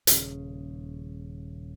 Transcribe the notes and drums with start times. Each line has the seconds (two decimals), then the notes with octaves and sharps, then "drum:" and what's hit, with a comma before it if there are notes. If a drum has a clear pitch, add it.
0.07 D#1 C#3, drum: hi-hat